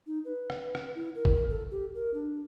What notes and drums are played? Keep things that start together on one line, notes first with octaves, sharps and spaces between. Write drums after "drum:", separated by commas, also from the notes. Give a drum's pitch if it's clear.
D#4
B4
drum: rim click
drum: rim click
E4
A#4
drum: kick
A4
G4
A#4
D4